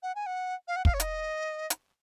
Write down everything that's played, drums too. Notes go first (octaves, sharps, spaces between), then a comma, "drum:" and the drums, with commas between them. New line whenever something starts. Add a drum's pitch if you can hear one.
F#5
G#5
F#5
F5
F#5
F5, drum: kick
C#5
D#5, drum: hi-hat
drum: hi-hat